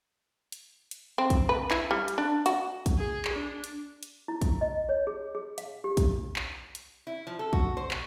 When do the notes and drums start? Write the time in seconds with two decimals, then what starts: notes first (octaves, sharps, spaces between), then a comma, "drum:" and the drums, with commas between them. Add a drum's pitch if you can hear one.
0.52 drum: hi-hat
0.91 drum: hi-hat
1.18 C4
1.30 drum: kick, hi-hat
1.49 B4
1.71 E4, drum: clap
1.91 G3
2.08 drum: hi-hat
2.18 D4
2.46 F#4, drum: hi-hat
2.86 drum: kick, hi-hat
2.98 G#4
3.25 drum: clap
3.34 D4
3.64 drum: hi-hat
4.03 drum: hi-hat
4.28 E4
4.42 drum: kick, hi-hat
4.61 D#5
4.89 C#5
5.07 G#4
5.35 G#4
5.58 F5, drum: hi-hat
5.84 G4
5.97 drum: kick, hi-hat
6.36 drum: clap
6.75 drum: hi-hat
7.07 E4
7.27 F3
7.39 A4
7.53 F#4, drum: kick
7.77 C5
7.91 B2, drum: clap